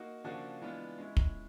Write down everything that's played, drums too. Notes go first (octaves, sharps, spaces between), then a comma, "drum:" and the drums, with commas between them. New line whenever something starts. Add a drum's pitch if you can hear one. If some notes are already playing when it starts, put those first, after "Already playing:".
Already playing: A#3 D#4 F#4
C#3 F3 A#3 D4 F#4
E3 G#3 B3 D4 F4
G#3 C#4 E4
drum: kick